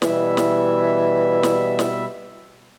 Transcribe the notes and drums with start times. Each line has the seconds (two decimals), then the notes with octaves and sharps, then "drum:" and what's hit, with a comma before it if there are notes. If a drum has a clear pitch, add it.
0.02 B2 E3 G3 E5, drum: snare
0.37 drum: snare
1.43 drum: snare
1.79 drum: snare